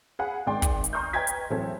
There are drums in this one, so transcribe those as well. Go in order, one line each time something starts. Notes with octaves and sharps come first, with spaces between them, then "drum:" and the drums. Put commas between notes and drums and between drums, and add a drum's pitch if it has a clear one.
G#4 F5 F#5 B5
G#1 G#3 D5 G5 C6
drum: kick, hi-hat
drum: hi-hat
A#5 C6 C#6 D#6 F6 G6
B4 D#5 G5 A#5 G#6 B6
drum: hi-hat
A2 E3 F#3 C4 A4